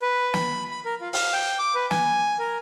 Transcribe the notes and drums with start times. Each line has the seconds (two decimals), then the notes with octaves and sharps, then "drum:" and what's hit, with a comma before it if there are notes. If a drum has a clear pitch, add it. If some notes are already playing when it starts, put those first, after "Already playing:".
0.02 B4
0.34 B5, drum: snare
0.71 B5
0.85 A#4
1.01 F4
1.13 F5, drum: open hi-hat
1.33 G5
1.59 D6
1.75 B4
1.91 G#5, drum: snare
2.39 A#4